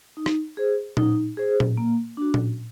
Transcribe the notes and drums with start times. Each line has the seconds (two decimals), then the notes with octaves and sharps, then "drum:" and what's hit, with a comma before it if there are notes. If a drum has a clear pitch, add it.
0.17 D#4
0.26 drum: rim click
0.57 G#4 C5
0.97 D#4, drum: tom A#2
1.37 G#4 C5
1.60 drum: tom A#2
1.77 A#3
2.17 D4 F#4
2.34 drum: tom A#2